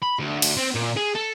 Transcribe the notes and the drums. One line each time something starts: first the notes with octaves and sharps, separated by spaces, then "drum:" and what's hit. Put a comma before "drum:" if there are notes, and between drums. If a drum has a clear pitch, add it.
B5
D2
drum: cymbal
C4
A#2
G#4
A4